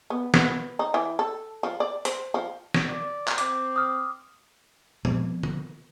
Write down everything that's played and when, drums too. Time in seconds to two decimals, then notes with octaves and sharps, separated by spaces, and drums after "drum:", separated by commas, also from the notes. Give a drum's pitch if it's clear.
0.10 B3
0.34 B3, drum: snare
0.79 D#4
0.94 E3
1.19 A4
1.63 F3
1.80 D5
2.05 C5, drum: hi-hat
2.34 F3
2.74 drum: snare
2.88 D5
3.28 drum: clap
3.38 C4 D6, drum: hi-hat
3.76 D#6 F6
5.05 F3 B3 C4, drum: tom A#2
5.43 drum: tom